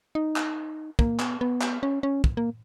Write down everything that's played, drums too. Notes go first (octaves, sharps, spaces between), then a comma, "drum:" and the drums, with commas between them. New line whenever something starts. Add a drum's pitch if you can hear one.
D#4
drum: clap
A#3, drum: kick
B3, drum: clap
B3
drum: clap
C#4
C#4
drum: kick
A#3